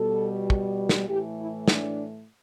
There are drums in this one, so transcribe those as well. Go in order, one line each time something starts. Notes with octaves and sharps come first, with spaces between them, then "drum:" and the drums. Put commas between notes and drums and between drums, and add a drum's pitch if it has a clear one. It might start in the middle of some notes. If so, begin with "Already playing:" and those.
Already playing: B2 G3 A4
drum: kick
drum: snare
A2 E3 A3 G4
E4
D4, drum: snare